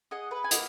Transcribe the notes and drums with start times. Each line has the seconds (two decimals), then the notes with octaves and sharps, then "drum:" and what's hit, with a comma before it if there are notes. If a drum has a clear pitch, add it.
0.11 G#4 D#5 F#5
0.31 B4
0.44 G#5
0.51 A#3 D#5 F#5, drum: hi-hat